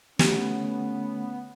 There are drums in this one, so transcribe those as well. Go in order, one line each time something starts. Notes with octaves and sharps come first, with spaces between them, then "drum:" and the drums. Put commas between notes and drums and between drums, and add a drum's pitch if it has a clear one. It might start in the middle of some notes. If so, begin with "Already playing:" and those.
D3 A3 B3 C#4 G4, drum: snare